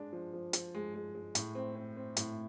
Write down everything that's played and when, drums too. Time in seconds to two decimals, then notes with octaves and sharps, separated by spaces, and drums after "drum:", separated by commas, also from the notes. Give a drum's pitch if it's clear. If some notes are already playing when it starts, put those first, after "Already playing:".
Already playing: G#3 D4
0.13 F3
0.33 F3
0.53 F3, drum: hi-hat
0.75 G#3
0.94 G#3
1.15 G#3
1.35 A2, drum: hi-hat
1.55 C4
1.75 C4
1.96 C4
2.17 A2, drum: hi-hat